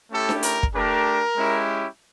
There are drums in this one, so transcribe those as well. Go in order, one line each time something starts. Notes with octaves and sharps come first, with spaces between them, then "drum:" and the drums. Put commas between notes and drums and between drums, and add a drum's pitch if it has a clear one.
A3 C#4 E4 G4 A4
drum: snare D4
A#4, drum: hi-hat
drum: kick
A3 D4 G4 A#4
G#3 C#4 E4 G4